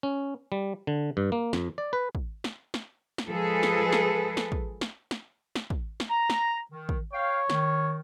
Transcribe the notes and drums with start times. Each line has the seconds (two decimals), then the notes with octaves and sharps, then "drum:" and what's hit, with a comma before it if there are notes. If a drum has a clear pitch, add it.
0.03 C#4
0.52 G3
0.87 D3
1.17 G2
1.32 A#3
1.53 F2, drum: snare
1.78 D5
1.93 B4
2.15 drum: kick
2.44 drum: snare
2.74 drum: snare
3.18 drum: snare
3.30 F3 G#3 G#4 A4 B4
3.63 drum: snare
3.92 drum: snare
4.37 drum: snare
4.52 drum: kick
4.81 drum: snare
5.11 drum: snare
5.55 drum: snare
5.70 drum: kick
6.00 drum: snare
6.10 A#5
6.30 drum: snare
6.70 D#3
6.89 drum: kick
7.13 C#5 F5 G5
7.50 D#3, drum: snare